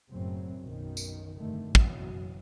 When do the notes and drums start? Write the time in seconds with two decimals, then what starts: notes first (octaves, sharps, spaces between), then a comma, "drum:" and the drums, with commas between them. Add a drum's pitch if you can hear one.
0.10 F#1 F#2 A2 C#3 F#3 C4
0.60 B1 F#2 B2 D#3
0.97 drum: tambourine
1.38 F1 G2 D3 D#3 A3
1.75 F#1 B2 E3 F#3, drum: kick